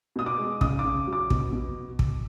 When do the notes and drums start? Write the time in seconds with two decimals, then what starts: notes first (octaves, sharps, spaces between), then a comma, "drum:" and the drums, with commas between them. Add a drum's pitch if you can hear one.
0.16 B2 D#6
0.26 D6
0.38 G#3
0.61 C#3 D#6, drum: kick
0.79 D6
0.84 C#3
1.07 F#3
1.13 D6
1.30 B2, drum: kick
1.53 B2
1.99 drum: kick